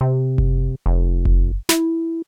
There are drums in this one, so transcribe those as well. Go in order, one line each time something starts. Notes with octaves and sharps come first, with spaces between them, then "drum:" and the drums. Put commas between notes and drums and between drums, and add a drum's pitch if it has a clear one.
C3
drum: kick F#1
F1
drum: kick F#1
E4, drum: snare